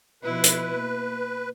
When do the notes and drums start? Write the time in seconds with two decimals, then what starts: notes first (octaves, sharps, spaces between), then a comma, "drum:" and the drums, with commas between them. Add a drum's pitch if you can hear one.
0.23 B2 F3 E4 B4
0.44 drum: hi-hat
0.75 A#3